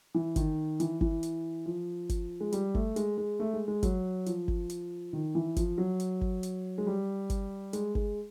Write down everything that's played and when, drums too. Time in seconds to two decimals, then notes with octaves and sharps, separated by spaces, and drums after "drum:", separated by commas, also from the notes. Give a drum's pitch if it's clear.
0.14 E3
0.36 D#3, drum: kick G1, hi-hat
0.80 E3, drum: hi-hat
1.01 E3, drum: kick G1
1.23 drum: hi-hat
1.66 F3
2.09 drum: kick G1, hi-hat
2.40 G#3
2.52 G3, drum: hi-hat
2.75 A3, drum: kick G1
2.96 G#3, drum: hi-hat
3.18 G#3
3.40 A3
3.53 G#3
3.68 G#3
3.83 F#3, drum: kick G1, hi-hat
4.26 F3, drum: hi-hat
4.48 drum: kick G1
4.70 drum: hi-hat
5.13 D#3
5.35 E3
5.56 F3, drum: kick G1, hi-hat
5.78 F#3
6.00 drum: hi-hat
6.21 drum: kick G1
6.43 drum: hi-hat
6.78 G#3
6.87 G3
7.30 drum: kick G1, hi-hat
7.73 G#3, drum: hi-hat
7.95 G#3, drum: kick G1